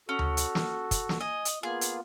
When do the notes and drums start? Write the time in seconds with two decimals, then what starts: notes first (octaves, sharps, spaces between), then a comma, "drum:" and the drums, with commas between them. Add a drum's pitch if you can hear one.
0.09 C#4 F#4 A4
0.19 drum: tom D2
0.37 drum: hi-hat
0.55 drum: snare
0.91 drum: kick, hi-hat
1.09 drum: snare
1.21 D#5 G#5
1.45 drum: hi-hat
1.63 A#3 B3 F4 G#4
1.81 drum: hi-hat